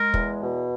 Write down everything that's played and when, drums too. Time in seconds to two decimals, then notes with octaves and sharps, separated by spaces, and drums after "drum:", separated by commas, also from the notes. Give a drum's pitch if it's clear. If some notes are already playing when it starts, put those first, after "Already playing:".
Already playing: G#3 A#4
0.14 E2, drum: kick
0.42 B2